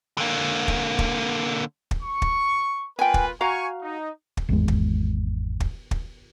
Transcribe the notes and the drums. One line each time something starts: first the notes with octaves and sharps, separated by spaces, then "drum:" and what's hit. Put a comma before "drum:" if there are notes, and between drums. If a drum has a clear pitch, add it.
D3 A#3
drum: kick
drum: kick
drum: kick
C#6
drum: kick
A#3 F4 B4 G5 G#5
drum: kick
F#4 F5 G#5 A#5 C#6
D#4
drum: kick
G#1 E2 G#3
drum: kick
drum: kick
drum: kick